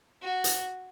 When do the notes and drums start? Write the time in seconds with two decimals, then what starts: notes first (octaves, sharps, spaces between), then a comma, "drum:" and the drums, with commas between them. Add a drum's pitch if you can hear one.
0.22 F#4
0.44 drum: hi-hat